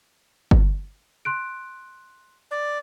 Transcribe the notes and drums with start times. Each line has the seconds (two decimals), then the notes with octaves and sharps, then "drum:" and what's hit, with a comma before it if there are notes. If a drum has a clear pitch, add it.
0.51 drum: kick G1
1.25 C6 F#6 D7
2.51 D5